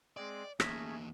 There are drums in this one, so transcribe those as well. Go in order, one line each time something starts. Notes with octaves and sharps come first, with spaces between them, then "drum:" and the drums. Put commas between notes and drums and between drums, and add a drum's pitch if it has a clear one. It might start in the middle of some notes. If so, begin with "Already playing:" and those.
G#3 C4 G#4 D5
E2 A3 A#3 C#4 G#4 A#6 B6, drum: rim click